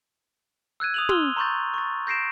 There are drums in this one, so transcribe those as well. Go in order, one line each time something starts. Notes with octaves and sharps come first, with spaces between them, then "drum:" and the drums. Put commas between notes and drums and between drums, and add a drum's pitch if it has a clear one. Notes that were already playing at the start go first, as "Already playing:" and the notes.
E6 F#6 G#6 D#7
D#6 F7 F#7
C6 E6 F6 G7, drum: tom
A#5 C6 C#6 G6 A6
C#6 A6
G6 A#6 C7 D7 E7